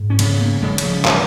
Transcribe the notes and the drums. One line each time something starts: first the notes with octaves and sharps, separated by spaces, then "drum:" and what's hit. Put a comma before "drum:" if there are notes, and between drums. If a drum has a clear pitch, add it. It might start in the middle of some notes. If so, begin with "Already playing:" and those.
Already playing: G#2
C#4
C#3 B3, drum: cymbal
A#3
C#3 G#3
D#3, drum: cymbal
F3
C#3 G#3, drum: clap